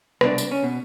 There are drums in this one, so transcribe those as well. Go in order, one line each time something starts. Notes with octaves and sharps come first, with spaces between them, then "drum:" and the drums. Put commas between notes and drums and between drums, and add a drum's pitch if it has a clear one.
C2 B2 D4, drum: rim click
drum: tambourine
C#4
B2